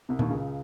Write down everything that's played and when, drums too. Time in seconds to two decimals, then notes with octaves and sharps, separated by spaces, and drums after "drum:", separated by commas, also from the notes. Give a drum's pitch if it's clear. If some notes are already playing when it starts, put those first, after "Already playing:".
0.09 C2 C3
0.19 D#2 D#3, drum: tom A#2
0.30 C#2 C#3